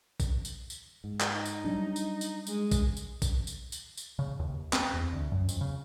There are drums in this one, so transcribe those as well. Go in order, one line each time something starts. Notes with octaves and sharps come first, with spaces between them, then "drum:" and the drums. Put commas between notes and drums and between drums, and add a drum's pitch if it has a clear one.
drum: kick G#1, tambourine
drum: tambourine
drum: tambourine
G#2
drum: clap
D#4
drum: tambourine
F#3 G3 D4
drum: tambourine
drum: tambourine
G#3, drum: tambourine
drum: kick G#1, tambourine
drum: tambourine
drum: kick G#1, tambourine
drum: tambourine
drum: tambourine
drum: tambourine
C#3
D#2
C4, drum: clap
E2
D2
F#2
F2, drum: tambourine
C#3